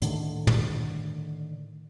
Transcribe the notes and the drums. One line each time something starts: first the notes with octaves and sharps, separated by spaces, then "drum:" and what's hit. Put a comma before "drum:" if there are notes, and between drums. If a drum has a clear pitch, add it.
A2 D3 D#3 A3, drum: hi-hat
drum: tom